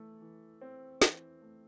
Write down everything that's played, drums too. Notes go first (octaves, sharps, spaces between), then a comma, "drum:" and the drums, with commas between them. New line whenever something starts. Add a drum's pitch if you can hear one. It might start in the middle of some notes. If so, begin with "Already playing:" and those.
Already playing: E3 A3
E3
C4
E3, drum: snare
A3